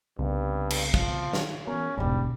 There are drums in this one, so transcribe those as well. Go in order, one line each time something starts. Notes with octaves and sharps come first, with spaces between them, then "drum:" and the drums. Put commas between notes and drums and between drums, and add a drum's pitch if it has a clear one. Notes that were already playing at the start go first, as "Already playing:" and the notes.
C2 G2 C#3 B3 C4
drum: cymbal
F3, drum: kick
D#3, drum: snare
E3 B3 C#4 A#4
E1 A1 D2 G#2 G3 A3